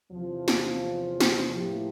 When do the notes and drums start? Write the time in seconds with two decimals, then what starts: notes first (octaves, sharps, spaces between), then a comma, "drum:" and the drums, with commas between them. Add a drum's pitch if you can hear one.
0.12 E2 C3 F3
0.48 drum: snare
1.20 drum: snare
1.57 A2 F3 A#3 E4 G4